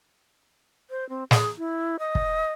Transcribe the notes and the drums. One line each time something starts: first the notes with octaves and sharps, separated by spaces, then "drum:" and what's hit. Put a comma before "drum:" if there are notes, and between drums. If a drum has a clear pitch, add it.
C5
C4
G#4, drum: snare
E4
D#5
drum: kick